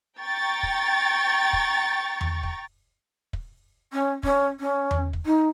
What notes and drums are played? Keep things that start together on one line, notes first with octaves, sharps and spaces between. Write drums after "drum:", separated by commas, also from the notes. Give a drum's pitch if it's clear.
G5 A#5 C#6 A6
drum: kick
drum: kick
drum: tom E2
drum: kick
drum: kick
C#4
C#4, drum: kick
C#4
drum: tom E2
drum: kick
D#4